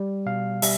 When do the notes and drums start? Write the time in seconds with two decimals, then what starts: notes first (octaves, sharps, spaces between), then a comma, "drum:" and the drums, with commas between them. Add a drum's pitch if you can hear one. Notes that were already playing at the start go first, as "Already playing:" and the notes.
Already playing: G3
0.26 B2 F5
0.62 G3 E5, drum: open hi-hat